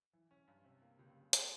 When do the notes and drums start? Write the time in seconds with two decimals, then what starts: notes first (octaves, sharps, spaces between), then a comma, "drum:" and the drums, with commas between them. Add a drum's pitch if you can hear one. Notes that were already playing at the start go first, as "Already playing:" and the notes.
0.13 E3
0.31 C#4
0.48 G2
0.65 C3
0.82 A#3
0.99 C#2
1.16 C#3
1.33 A#3, drum: hi-hat